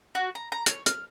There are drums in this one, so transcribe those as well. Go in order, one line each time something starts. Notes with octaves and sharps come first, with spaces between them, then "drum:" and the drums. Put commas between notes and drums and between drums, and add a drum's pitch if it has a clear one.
F#4
A#5
A#5
C#5, drum: hi-hat
F6, drum: hi-hat